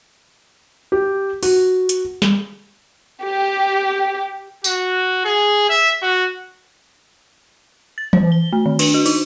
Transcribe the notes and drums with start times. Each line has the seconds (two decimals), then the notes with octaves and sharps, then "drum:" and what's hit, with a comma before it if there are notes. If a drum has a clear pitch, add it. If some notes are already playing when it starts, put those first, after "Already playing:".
0.92 G4
1.43 F#4, drum: open hi-hat
1.89 drum: hi-hat
2.22 drum: snare
3.23 G4
4.64 F#4, drum: tambourine
5.25 G#4
5.69 E5
6.02 F#4
7.98 A6
8.13 C5, drum: tom E3
8.32 G7
8.53 A3
8.66 D#3
8.79 D4, drum: cymbal
8.94 F#4
9.06 D#4, drum: open hi-hat